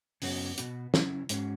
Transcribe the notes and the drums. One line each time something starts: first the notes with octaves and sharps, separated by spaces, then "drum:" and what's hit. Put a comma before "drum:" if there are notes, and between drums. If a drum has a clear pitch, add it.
F#2 C#3 F#3 B3 F#4, drum: open hi-hat
B2 B3 F#4, drum: hi-hat
C#3 F#3 C#4 E4, drum: snare
G#2 G#3 C#4 F#4, drum: hi-hat